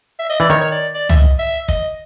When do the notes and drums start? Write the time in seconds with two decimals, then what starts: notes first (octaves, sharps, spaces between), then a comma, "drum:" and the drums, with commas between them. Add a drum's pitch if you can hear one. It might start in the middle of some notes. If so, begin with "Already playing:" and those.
0.19 E5
0.30 D#5
0.40 E3 D5
0.50 D#3 C#5
0.61 C#5
0.72 D5
0.95 D5
1.09 E5, drum: tom C#2
1.16 D#5
1.39 E5
1.68 D#5, drum: kick